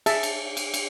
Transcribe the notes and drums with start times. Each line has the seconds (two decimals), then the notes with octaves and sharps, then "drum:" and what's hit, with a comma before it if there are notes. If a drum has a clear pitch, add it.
0.06 G#4 E5 A5, drum: cymbal
0.23 drum: cymbal
0.57 drum: cymbal
0.74 drum: cymbal